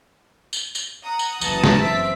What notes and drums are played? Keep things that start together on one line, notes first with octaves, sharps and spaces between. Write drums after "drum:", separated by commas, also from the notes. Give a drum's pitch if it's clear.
drum: tambourine
drum: tambourine
F#5 A#5 D#6
drum: tambourine
F#1 E3 A5 A#5, drum: tambourine
drum: snare
C4 E5 B6 D7